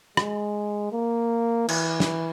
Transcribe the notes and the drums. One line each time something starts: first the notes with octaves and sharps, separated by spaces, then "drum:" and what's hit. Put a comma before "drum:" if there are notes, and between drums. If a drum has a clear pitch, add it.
G#3, drum: rim click
A#3
E3, drum: cymbal
drum: snare